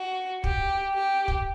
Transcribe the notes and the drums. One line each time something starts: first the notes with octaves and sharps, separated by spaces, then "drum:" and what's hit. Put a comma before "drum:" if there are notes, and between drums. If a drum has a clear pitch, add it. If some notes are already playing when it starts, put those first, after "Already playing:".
Already playing: F#4
G4, drum: kick
G4
drum: kick